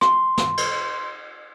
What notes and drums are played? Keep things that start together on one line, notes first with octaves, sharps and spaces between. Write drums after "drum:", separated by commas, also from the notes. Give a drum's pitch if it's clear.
C6, drum: rim click
drum: snare
drum: cymbal